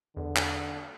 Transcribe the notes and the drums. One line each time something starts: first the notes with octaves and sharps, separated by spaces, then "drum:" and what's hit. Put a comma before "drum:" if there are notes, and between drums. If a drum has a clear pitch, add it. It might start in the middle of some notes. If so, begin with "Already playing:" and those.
E2 D3
drum: clap